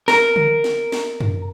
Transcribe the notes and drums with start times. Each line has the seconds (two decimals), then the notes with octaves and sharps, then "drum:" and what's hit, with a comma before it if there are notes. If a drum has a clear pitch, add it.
0.08 A#4, drum: snare
0.36 drum: tom C#3
0.64 drum: snare
0.92 drum: snare
1.21 drum: tom F#2